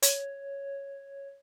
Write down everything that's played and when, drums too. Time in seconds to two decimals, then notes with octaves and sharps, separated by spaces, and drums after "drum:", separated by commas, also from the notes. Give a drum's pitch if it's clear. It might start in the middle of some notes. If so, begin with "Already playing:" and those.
0.02 C#5, drum: hi-hat